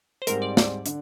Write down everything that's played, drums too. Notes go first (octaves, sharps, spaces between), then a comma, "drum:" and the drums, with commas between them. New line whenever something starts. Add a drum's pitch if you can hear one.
C5
G#2 G3 C4 A#4, drum: hi-hat
D5
D5, drum: snare
D3, drum: hi-hat